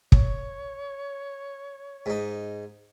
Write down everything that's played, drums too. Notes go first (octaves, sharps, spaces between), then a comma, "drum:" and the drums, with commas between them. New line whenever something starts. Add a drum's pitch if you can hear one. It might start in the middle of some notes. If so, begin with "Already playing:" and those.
C#5, drum: kick
G#2 D#4